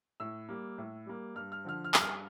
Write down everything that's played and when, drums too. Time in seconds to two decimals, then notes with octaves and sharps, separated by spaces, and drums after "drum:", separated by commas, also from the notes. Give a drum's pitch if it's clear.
0.20 A2 E6
0.49 G3 A#3
0.78 A2
1.06 G3 A#3
1.35 G2 F6
1.52 F6
1.65 D3 F3 F6
1.85 F6
1.94 G2, drum: clap
2.01 F6